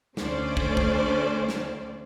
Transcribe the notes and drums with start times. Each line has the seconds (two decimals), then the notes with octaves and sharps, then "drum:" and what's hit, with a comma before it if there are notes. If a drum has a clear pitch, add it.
0.17 D2 A3 C#4 C5 D5, drum: snare
0.57 drum: kick
0.77 drum: kick
1.49 drum: snare